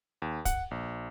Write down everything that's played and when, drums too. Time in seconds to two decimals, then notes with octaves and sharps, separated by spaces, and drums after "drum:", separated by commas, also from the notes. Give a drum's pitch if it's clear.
0.22 D#2
0.45 F#5, drum: kick, hi-hat
0.71 A#1